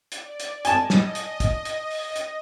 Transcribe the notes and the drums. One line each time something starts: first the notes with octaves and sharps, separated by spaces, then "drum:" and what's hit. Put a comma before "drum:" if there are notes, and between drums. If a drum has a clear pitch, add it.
D5, drum: hi-hat
drum: hi-hat
D#5 G#5 A5, drum: hi-hat
drum: snare
drum: hi-hat
drum: kick, hi-hat
drum: hi-hat
drum: open hi-hat
drum: hi-hat